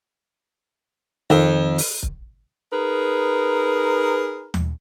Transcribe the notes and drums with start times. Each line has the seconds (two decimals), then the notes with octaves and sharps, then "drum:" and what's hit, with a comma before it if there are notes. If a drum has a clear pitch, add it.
1.30 F2 D#3, drum: snare
1.78 drum: open hi-hat
2.03 drum: kick
2.73 D#4 G#4 A#4 B4
4.54 drum: tom D#2